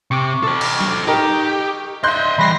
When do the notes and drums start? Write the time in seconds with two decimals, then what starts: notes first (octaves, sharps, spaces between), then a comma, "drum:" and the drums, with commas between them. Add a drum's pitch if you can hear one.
0.11 C3 C#6 D6
0.43 A4 C5
0.61 drum: cymbal
0.81 drum: snare
1.07 D#4 G4 A#4
2.03 D#5 E5 C6 F#6 G6
2.39 E3 G3 B5 A#6 C7